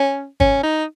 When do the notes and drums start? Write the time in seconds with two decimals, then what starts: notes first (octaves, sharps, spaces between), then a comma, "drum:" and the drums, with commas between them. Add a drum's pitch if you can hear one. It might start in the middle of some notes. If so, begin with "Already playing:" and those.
Already playing: C#4
0.40 C#4, drum: kick
0.63 D#4